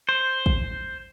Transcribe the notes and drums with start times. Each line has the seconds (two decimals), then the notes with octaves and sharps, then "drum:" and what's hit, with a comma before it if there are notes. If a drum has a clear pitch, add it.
0.09 C5
0.46 drum: kick